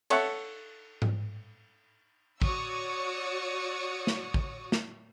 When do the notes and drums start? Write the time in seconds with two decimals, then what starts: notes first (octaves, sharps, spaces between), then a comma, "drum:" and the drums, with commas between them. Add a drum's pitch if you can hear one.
0.10 A4 C#5 E5 F#5, drum: cymbal
1.02 drum: tom G#2
2.42 F#4 C#5 D5 C#6 D#6 E6, drum: kick A1
4.07 drum: snare
4.34 drum: kick A1
4.72 drum: snare